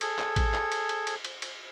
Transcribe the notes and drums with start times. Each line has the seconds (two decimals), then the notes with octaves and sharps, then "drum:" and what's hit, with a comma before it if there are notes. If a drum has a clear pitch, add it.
0.01 G#4 A4, drum: cymbal
0.19 drum: clap
0.36 drum: kick A1, cymbal
0.54 drum: clap
0.72 drum: cymbal
0.89 drum: cymbal
1.07 drum: cymbal
1.25 drum: cymbal
1.42 drum: cymbal